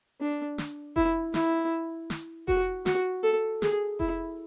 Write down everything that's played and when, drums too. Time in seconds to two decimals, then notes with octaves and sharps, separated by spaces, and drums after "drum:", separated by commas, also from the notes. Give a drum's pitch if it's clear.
0.21 D4
0.58 drum: snare
0.96 E4, drum: kick F1
1.34 E4, drum: snare
2.10 drum: snare
2.48 F#4, drum: kick F1
2.86 F#4, drum: snare
3.23 A4
3.62 G#4, drum: snare
4.00 E4, drum: kick F1